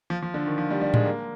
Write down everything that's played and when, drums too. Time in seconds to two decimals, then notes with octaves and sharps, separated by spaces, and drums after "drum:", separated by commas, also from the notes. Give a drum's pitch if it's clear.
0.10 F3
0.22 F3
0.34 D3
0.47 D#3
0.58 F3
0.70 G3
0.81 G3
0.94 G#3, drum: tom A2
1.05 A#3